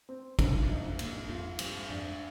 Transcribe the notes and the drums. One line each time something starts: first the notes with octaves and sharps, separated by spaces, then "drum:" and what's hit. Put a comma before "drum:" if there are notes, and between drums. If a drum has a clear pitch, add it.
C4
G2 A#2 F3, drum: kick, cymbal
F2 G#2
D#4
F2
A#2, drum: cymbal
G2
F2 G#2 F4
G2 F3, drum: cymbal
F2 G#2 D4